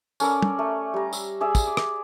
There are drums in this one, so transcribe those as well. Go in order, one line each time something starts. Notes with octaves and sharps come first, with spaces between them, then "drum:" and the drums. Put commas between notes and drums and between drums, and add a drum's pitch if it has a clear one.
C#4 A4 A#4 D5, drum: tambourine
drum: tom
A3
G3 A#5
E6, drum: tambourine
G#4 D5 E5
drum: kick, tambourine
D6
drum: rim click